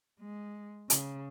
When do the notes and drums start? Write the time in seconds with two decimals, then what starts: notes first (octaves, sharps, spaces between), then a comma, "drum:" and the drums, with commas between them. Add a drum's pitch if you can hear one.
0.20 G#3
0.90 C#3, drum: hi-hat